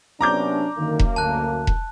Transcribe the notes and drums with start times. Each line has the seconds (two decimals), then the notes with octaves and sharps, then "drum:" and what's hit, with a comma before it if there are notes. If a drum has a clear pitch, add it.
0.21 C3 F#3 B3 C#4 D4 A#5 D6 G6
0.77 F#2 D3 D#3 A#3
0.99 drum: kick E1
1.16 D2 A5 F#6
1.67 drum: kick E1